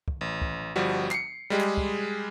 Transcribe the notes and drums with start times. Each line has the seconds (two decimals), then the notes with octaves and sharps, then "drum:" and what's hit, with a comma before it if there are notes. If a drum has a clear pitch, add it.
0.08 drum: kick
0.21 A1
0.42 drum: kick
0.76 G1 F3 G3 F#4
1.11 C7 C#7, drum: clap
1.50 G3 G#3 G4 G#4
1.60 drum: clap
1.77 drum: kick